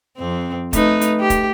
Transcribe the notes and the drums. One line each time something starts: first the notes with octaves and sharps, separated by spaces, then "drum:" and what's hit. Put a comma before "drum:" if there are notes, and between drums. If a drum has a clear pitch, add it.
F2 C4
A3 D#4 B4, drum: kick, hi-hat
drum: hi-hat
G4
drum: kick, hi-hat